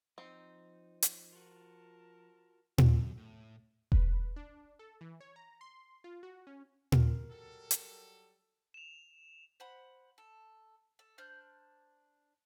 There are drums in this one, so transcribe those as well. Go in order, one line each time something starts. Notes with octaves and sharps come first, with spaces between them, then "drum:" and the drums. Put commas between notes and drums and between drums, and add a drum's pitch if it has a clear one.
F3 C4 D#4 D#5
drum: hi-hat
F4 F#4 A#4 A5
F#2, drum: tom A#2
A2
B4, drum: kick E1
D4
A4
E3
C#5
A#5
C6
F4
F#4
C#4
A#4, drum: tom A#2
F#3 G3 A4
drum: hi-hat
E7 F7
C5 F#5 B5
A4
A4
D4 C5 F6 G6